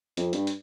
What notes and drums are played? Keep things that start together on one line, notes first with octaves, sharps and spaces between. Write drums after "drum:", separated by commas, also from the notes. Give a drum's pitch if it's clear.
F2, drum: hi-hat
G2, drum: hi-hat
drum: hi-hat